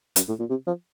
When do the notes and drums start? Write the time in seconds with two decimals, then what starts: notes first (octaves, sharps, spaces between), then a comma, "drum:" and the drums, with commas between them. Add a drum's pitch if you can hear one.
0.16 F#2, drum: hi-hat
0.28 A2
0.39 A#2
0.50 C3
0.67 F3